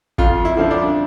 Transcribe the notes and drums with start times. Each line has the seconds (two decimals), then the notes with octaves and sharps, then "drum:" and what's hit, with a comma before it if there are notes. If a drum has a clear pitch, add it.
0.18 F2 F4, drum: kick
0.45 E4
0.57 D3 F3 C4
0.71 D4